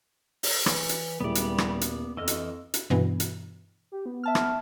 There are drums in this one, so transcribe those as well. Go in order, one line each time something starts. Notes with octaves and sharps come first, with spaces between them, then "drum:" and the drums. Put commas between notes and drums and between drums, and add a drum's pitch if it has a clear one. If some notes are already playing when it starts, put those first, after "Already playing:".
drum: open hi-hat
E3, drum: rim click
drum: hi-hat
D#1 G3 G#3 B3 E4 D5
drum: hi-hat
drum: rim click
drum: hi-hat
F2 E3 D#5 E6 F6
drum: hi-hat
drum: hi-hat
G2 B2 E3 B3
drum: hi-hat
G4
B3
E5 A5 F6
drum: rim click